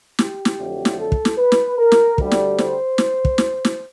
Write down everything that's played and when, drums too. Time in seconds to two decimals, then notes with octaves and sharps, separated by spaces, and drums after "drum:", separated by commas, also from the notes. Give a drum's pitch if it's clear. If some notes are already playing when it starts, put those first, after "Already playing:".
0.19 G4, drum: snare
0.45 drum: snare
0.59 F2 D3 F#3 A3
0.85 drum: snare
0.98 A4
1.12 drum: kick
1.25 drum: snare
1.38 B4
1.52 drum: snare
1.78 A#4
1.92 drum: snare
2.18 D2 D3 G3, drum: kick
2.31 drum: snare
2.58 C5, drum: snare
2.98 drum: snare
3.25 drum: kick
3.38 drum: snare
3.65 drum: snare